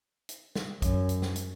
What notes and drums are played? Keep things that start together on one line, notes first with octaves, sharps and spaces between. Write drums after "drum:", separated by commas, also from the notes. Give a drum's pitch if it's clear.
drum: hi-hat
drum: snare
F#2, drum: kick, hi-hat
drum: hi-hat
drum: snare
drum: hi-hat